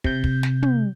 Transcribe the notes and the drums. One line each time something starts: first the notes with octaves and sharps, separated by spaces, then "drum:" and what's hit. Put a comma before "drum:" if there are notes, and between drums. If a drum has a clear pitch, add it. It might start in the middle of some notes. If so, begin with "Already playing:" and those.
C3 G6, drum: kick
drum: kick
drum: snare
drum: tom